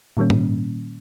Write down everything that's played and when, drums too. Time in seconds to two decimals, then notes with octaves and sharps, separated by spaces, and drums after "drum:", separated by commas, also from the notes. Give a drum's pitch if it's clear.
0.17 A#2 D#3 G3 A#3 C#4
0.30 drum: tom G#2